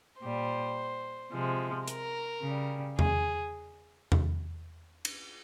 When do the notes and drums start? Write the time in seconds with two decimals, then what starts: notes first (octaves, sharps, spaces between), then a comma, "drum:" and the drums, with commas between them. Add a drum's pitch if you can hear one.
0.21 A#2 G3 C5
1.32 C3 F3 G#3
1.88 A#4, drum: hi-hat
2.43 C#3 G3
2.99 G#4, drum: tom E2
4.12 drum: tom E2
5.05 drum: cymbal